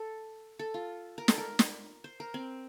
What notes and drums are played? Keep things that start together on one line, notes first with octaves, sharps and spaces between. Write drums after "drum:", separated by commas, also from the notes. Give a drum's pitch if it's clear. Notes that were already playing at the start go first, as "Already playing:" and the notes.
Already playing: A4
A4
F4
A#4
A4, drum: snare
A#4
drum: snare
C5
A#4
C4